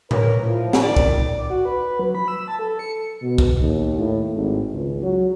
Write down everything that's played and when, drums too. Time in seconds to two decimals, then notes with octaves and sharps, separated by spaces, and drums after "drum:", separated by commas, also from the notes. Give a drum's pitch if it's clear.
0.11 A#4 B4 C#5, drum: tom A2
0.42 A2 F3
0.73 drum: snare
0.83 D#3 D5
0.97 drum: kick
1.38 D5
1.50 F#4
1.65 B4
1.99 F#3
2.15 B5
2.28 E6
2.48 A5
2.59 A4
2.79 C#7
3.22 B2
3.38 drum: kick
3.60 D#2
3.99 A2
4.34 G#1
4.73 C#2
5.03 F#3